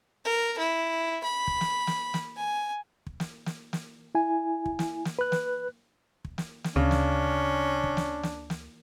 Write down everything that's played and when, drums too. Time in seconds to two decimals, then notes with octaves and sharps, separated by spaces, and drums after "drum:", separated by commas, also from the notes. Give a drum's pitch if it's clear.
0.25 A#4
0.58 E4
1.24 B5
1.48 drum: kick
1.61 drum: snare
1.87 drum: snare
2.14 drum: snare
2.37 G#5
3.07 drum: kick
3.20 drum: snare
3.46 drum: snare
3.73 drum: snare
4.15 E4 G#5
4.66 drum: kick
4.79 drum: snare
5.05 drum: snare
5.19 B4 F#6
5.32 drum: snare
6.25 drum: kick
6.38 drum: snare
6.64 drum: snare
6.76 D2 C#3 C#4 D4
6.91 drum: snare
7.84 drum: kick
7.97 drum: snare
8.23 drum: snare
8.50 drum: snare